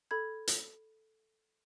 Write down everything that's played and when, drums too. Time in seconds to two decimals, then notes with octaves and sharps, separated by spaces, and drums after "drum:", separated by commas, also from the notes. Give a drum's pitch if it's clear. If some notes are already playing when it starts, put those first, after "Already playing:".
0.11 A4 B5 G#6
0.48 drum: hi-hat